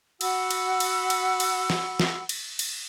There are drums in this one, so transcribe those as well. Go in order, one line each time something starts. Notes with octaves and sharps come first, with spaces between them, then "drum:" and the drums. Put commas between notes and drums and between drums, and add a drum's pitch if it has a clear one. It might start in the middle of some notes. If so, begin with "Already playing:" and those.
F#4 F#5 B5 E6, drum: cymbal
drum: cymbal
drum: cymbal
drum: cymbal
drum: cymbal
drum: snare
drum: snare
drum: cymbal
drum: cymbal